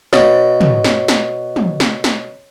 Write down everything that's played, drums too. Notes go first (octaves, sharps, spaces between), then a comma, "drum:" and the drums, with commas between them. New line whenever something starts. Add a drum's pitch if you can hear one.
B2 C#5, drum: snare
drum: tom
drum: snare
drum: snare
drum: tom
drum: snare
drum: snare